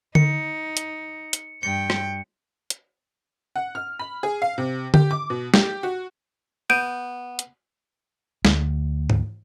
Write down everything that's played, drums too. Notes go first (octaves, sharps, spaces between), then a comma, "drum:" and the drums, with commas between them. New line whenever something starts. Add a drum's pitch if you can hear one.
D#4 C#7, drum: tom D3
drum: hi-hat
drum: hi-hat
G2 G5 C#7
drum: rim click
drum: hi-hat
F#5
F6
B5
G#4
F5
C3
G4, drum: tom D3
D6
B2
G4, drum: snare
F#4
B3 G6 D7 D#7
drum: hi-hat
D2, drum: snare
drum: tom G#2